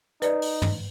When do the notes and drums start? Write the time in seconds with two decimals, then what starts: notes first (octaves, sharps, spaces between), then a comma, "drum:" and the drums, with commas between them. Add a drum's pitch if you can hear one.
0.22 D#4 B4 D5, drum: hi-hat
0.42 drum: open hi-hat
0.62 drum: tom